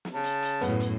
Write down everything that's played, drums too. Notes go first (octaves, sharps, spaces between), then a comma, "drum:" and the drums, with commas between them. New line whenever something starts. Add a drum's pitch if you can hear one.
drum: snare
C#3 A5
drum: hi-hat
drum: hi-hat
F#2 A2 B3, drum: hi-hat
drum: hi-hat